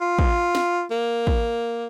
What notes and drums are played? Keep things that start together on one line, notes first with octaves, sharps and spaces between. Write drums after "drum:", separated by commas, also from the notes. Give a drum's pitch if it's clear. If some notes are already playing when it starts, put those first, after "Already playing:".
F4
drum: kick
drum: snare
A#3
drum: kick